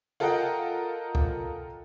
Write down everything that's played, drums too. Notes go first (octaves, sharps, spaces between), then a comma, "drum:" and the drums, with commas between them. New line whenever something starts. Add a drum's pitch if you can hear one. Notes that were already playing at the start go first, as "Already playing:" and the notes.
F4 A4 A#4 D#5 F#5 G5
drum: kick C#2